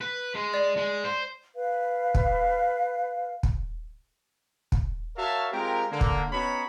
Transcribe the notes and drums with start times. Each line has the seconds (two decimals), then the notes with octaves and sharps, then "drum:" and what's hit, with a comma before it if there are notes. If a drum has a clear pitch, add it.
0.01 B4
0.35 G#3
0.54 D5
0.77 G#3
1.04 C5
1.54 B4 F5
2.15 drum: kick
3.43 drum: kick
4.72 drum: kick
5.16 F#4 A#4 C#5 E5 F5 A5
5.53 G#3 C4 F4 G4 A#4
5.91 D3 A#3
6.01 drum: kick
6.32 B3 C#4 D#4 F#4 C#5 B5